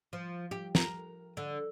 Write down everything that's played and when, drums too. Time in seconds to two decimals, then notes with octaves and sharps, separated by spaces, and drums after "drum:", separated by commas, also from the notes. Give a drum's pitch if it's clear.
0.13 F3
0.51 G4
0.75 A#4, drum: snare
1.37 D3